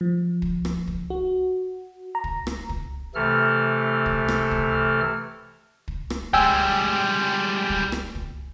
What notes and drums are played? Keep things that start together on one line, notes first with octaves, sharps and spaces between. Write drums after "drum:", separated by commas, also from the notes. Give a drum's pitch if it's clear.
F3
drum: kick
drum: rim click
drum: kick
F#4
A#5
drum: kick
drum: rim click
drum: kick
C3 E3 A3 A4 F6
drum: kick
drum: rim click
drum: kick
drum: kick
drum: rim click
G3 G#3 G5 G#5 E6, drum: kick
drum: kick
drum: rim click
drum: kick